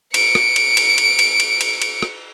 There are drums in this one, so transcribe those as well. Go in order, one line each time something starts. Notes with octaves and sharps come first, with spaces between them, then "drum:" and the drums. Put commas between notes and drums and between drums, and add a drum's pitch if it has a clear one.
C#7 D7, drum: cymbal
drum: rim click
drum: cymbal
drum: cymbal
drum: cymbal
drum: cymbal
drum: cymbal
drum: cymbal
drum: cymbal
drum: rim click